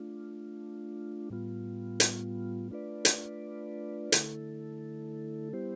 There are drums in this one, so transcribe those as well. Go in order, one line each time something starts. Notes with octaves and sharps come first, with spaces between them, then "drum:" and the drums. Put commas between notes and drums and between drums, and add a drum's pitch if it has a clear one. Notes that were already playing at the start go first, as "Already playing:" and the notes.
Already playing: A3 D4 F4
A2 G3 B3 F4
drum: hi-hat
A3 D4 F4 B4 D5
drum: hi-hat
D3 A3 E4 A4, drum: hi-hat
G3 B3 E4 G4 C5